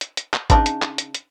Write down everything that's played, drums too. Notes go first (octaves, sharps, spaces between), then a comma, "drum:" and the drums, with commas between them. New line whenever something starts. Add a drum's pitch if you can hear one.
drum: hi-hat
drum: hi-hat
drum: clap
C#3 D4 D#4, drum: kick, hi-hat
drum: hi-hat
drum: clap
drum: hi-hat
drum: hi-hat